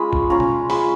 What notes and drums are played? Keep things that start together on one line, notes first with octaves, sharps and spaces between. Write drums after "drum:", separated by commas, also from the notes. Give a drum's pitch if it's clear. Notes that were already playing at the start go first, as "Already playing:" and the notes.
Already playing: G#3 C#4 F4 G#5 B5
drum: kick
C#4 F4 A#5
drum: tom
G#3 B5, drum: open hi-hat